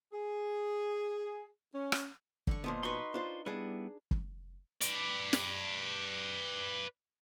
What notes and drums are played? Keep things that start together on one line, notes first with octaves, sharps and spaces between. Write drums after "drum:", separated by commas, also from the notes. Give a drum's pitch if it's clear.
G#4
C#4
drum: rim click
D3 C#6, drum: kick
A#2 F3 B3 D#5
D#4 F#4 B4 C6 C#6
D4 F4 C5
G3 B3 D4 E4 G#4
drum: kick
B4 D5, drum: hi-hat
drum: snare